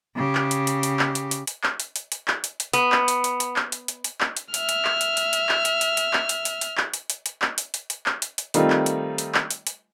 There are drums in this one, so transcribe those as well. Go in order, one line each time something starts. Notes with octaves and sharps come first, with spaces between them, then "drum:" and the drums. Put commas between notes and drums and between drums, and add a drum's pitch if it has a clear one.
C#3 G4
drum: clap
drum: hi-hat
drum: hi-hat
drum: hi-hat
drum: clap
drum: hi-hat
drum: hi-hat
drum: hi-hat
drum: clap
drum: hi-hat
drum: hi-hat
drum: hi-hat
drum: clap
drum: hi-hat
drum: hi-hat
B3, drum: hi-hat
drum: clap
drum: hi-hat
drum: hi-hat
drum: hi-hat
drum: clap
drum: hi-hat
drum: hi-hat
drum: hi-hat
drum: clap
drum: hi-hat
E5 F6, drum: hi-hat
drum: hi-hat
drum: clap
drum: hi-hat
drum: hi-hat
drum: hi-hat
drum: clap
drum: hi-hat
drum: hi-hat
drum: hi-hat
drum: clap
drum: hi-hat
drum: hi-hat
drum: hi-hat
drum: clap
drum: hi-hat
drum: hi-hat
drum: hi-hat
drum: clap
drum: hi-hat
drum: hi-hat
drum: hi-hat
drum: clap
drum: hi-hat
drum: hi-hat
D#3 G3 A3 C4 D#4 F4, drum: hi-hat
drum: clap
drum: hi-hat
drum: hi-hat
drum: clap
drum: hi-hat
drum: hi-hat